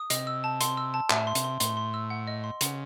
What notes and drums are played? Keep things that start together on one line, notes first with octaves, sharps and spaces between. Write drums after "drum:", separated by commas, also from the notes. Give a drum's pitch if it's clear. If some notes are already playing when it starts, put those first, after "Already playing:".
Already playing: D#6
C3 D#5, drum: hi-hat
E6
A5
C6, drum: hi-hat
E6
A5
A2 E5, drum: clap
C6
C3, drum: hi-hat
C6
A2 C6, drum: hi-hat
C6
E6
F#5
D#5
C6
C#3 F#5, drum: hi-hat